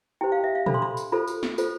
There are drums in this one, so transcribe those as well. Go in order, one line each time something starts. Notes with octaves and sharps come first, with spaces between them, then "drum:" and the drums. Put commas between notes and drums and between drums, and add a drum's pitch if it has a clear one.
E4 G4 C5 G5
F5
E5
F5
D4 A4 C5 B5, drum: tom
C6
B5
drum: tambourine
F4 A4 C5 B5
drum: tambourine
drum: snare
F4 A4 C5, drum: tambourine